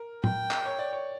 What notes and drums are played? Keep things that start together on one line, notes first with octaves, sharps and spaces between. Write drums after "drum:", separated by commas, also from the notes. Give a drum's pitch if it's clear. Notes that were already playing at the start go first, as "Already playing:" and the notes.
Already playing: A#4
G5, drum: tom
drum: clap
C#5
D5
C#5